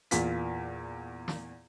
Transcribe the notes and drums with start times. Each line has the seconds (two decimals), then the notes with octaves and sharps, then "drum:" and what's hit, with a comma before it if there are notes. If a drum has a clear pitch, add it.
0.11 E2 A#2 F4 B6, drum: hi-hat
1.28 drum: snare